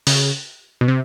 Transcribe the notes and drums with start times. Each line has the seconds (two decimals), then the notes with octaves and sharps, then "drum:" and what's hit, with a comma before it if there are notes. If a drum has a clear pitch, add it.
0.07 C#3, drum: open hi-hat
0.81 B2
0.88 C3